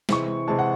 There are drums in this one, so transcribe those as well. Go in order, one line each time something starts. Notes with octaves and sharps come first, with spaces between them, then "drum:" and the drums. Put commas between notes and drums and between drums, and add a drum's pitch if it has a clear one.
C3 E3 G#3 C#6, drum: snare
C3 E3 G#3 A5
F#5